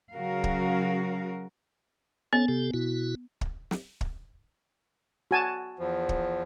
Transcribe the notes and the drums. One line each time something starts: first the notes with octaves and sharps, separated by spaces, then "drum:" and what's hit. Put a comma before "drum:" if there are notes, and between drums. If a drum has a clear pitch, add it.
C#3 F#3 F#4 A#4 F5
drum: kick
B3 C#4 A4 C#5
C3 G4 A4
B2 E4 F#4
drum: kick
drum: snare
drum: kick
F#4 G#5 A5
E2 F3
drum: kick